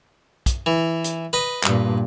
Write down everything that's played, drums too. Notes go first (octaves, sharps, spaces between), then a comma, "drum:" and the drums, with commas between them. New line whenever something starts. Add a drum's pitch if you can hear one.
drum: kick, hi-hat
E3
drum: hi-hat
B4 D#5
G2 A#2, drum: clap